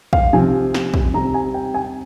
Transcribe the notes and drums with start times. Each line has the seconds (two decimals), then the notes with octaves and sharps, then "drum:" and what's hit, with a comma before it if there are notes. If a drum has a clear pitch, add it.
0.13 F5, drum: kick
0.33 C3 F3 C4 G#5
0.74 drum: snare
0.94 drum: kick
1.14 C3 G3 C4 A#5
1.34 G#5
1.54 G5
1.74 G#5